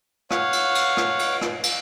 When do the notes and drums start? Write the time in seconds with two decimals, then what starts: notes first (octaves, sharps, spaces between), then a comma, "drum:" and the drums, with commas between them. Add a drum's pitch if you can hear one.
0.31 C#5 F5 F#5, drum: rim click
0.53 drum: cymbal
0.75 drum: cymbal
0.97 drum: rim click
1.19 drum: cymbal
1.41 drum: rim click
1.63 drum: cymbal